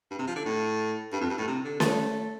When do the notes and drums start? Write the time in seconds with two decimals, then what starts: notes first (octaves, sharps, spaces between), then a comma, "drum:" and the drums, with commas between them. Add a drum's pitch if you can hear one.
0.11 G2
0.19 C3
0.27 F3
0.36 D3
0.45 A2
1.12 G2
1.21 F2
1.30 G2
1.38 A2
1.47 C3
1.64 D3
1.80 A3, drum: snare C#4